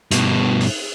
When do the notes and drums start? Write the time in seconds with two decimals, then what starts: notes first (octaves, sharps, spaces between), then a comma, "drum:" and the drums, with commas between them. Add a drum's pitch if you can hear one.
0.11 G2 B2, drum: hi-hat
0.61 drum: open hi-hat